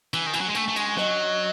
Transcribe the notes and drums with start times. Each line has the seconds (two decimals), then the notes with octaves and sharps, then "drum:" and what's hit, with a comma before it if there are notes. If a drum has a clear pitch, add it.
0.13 E3 G#5, drum: cymbal
0.26 D#3
0.34 E3, drum: cymbal
0.41 F#3
0.48 G#3
0.55 A3 C#6, drum: cymbal
0.68 A3
0.76 G#3, drum: cymbal
0.97 F#3 D#5, drum: snare